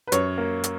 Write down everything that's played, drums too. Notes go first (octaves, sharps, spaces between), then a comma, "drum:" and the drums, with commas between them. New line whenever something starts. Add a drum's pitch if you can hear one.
B4
F#2 C#5, drum: hi-hat
A#3
drum: hi-hat